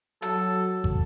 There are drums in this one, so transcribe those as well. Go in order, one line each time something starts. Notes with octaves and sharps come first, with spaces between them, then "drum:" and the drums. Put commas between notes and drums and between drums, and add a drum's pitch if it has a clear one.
F#3 A4, drum: hi-hat
drum: kick